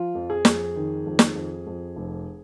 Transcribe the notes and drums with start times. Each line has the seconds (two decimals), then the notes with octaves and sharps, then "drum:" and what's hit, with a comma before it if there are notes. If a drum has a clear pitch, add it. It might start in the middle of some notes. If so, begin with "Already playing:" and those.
Already playing: F3 F4
0.15 F2
0.30 G#4
0.45 F2, drum: snare
0.76 D#3
1.06 F2
1.19 drum: snare
1.35 F2
1.66 F2
1.96 F1